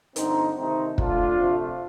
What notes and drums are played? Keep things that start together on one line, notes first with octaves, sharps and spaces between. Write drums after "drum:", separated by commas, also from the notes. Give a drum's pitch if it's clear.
G2 D3 F3 C4 D#4, drum: hi-hat
C3 D#3 A3 C4 D#4
F2 D3 A3 D4 F4, drum: kick
F2 C3 F3 A3